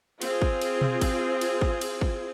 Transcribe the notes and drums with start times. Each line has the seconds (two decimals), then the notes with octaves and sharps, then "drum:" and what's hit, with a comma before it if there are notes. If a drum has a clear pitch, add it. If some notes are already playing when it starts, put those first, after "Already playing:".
0.22 C4 F4 G#4, drum: cymbal
0.42 drum: kick
0.61 drum: cymbal
0.81 drum: tom B2
1.01 drum: kick, cymbal
1.41 drum: cymbal
1.61 drum: kick
1.81 drum: cymbal
2.01 drum: kick